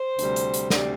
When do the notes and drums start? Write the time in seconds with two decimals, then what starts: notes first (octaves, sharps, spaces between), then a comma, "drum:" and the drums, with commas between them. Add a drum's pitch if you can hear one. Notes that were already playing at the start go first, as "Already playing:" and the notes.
Already playing: C5
0.19 D2 C3 G3, drum: hi-hat
0.36 drum: hi-hat
0.54 drum: hi-hat
0.70 D2 C3 G3 D5, drum: snare